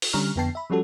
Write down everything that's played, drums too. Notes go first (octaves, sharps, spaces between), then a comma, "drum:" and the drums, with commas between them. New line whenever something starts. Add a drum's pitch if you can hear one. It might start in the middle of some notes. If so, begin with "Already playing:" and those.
drum: open hi-hat
D3 G3 C#4 A#5 C#6 F6
F2 D3 B3 G5 A5 C7
E5 B5
F3 G3 C#4 F#4 A4